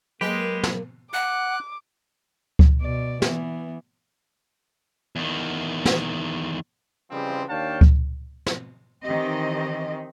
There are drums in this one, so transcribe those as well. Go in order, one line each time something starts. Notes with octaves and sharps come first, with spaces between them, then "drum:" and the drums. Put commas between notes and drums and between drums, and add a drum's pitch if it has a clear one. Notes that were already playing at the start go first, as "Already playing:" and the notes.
F#3 G#3 A#3 G4 B4
drum: snare
F#5 D6 F#6
drum: kick C#2
B2 D5
E3 B3, drum: snare
E2 D#3
drum: snare
C#3 E3 F3 G3 G#3 C4
D#2 D4 C#5 F5 G5 A5
drum: kick C#2
drum: snare
D#3 E3 C4 G4 D#5